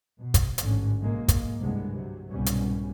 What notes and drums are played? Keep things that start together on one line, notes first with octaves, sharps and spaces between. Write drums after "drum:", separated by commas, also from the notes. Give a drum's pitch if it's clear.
B2
drum: kick, hi-hat
A1 G#2 D3 C#4, drum: hi-hat
B1 G#2 G#3 A#3
drum: kick, hi-hat
C2 G2 D3 G#3 B3
C3 F#3
C2 G#2 B2 G3 B3 C#4
drum: hi-hat